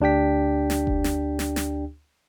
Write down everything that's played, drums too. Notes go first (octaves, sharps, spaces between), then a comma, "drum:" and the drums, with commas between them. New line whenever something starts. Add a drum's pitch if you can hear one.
D2 D4 G4 G5 B6
drum: snare
drum: kick F1
drum: snare
drum: snare
drum: snare